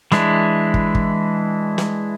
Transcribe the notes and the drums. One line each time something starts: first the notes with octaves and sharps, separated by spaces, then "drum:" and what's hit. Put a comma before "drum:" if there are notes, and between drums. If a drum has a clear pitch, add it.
E3 G#3 D4 E4, drum: snare
drum: kick
drum: kick
drum: snare